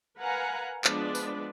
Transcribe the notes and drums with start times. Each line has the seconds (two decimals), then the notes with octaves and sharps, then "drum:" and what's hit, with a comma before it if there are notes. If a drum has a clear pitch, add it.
0.18 A#4 B4 F5 F#5 G#5 A#5
0.84 F3 G#3 B3 D4 B4 D5, drum: clap
1.15 drum: tambourine